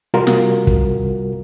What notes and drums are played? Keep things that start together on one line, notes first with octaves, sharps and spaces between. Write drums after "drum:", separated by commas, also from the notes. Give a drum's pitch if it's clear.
C3 G3 F4 F#4 A#4
drum: snare
drum: kick